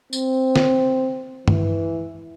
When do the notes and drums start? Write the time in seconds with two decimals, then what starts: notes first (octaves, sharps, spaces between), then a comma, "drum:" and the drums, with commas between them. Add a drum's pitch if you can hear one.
0.13 C4, drum: tambourine
0.56 drum: snare
1.48 E3, drum: tom G2